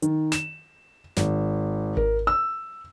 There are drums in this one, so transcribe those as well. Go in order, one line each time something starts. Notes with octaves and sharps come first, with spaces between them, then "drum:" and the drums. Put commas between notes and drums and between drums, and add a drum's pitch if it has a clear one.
D#3, drum: hi-hat
E7, drum: snare
G#1, drum: snare
A#4, drum: kick G#1
E6